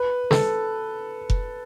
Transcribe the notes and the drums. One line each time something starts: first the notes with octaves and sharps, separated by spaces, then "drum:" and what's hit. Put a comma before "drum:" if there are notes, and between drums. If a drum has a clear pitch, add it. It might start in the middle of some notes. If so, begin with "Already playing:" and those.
Already playing: B4
A4, drum: snare
drum: kick F1